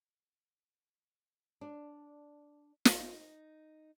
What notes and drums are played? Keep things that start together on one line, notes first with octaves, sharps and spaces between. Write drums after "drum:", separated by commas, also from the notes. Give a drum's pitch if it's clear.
D4
drum: snare
D#4